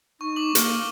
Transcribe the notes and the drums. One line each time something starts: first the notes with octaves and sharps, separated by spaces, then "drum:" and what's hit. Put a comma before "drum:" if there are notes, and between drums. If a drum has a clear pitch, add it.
D#4 C#6
D6 F#7
A#3 D6 F6 G7, drum: hi-hat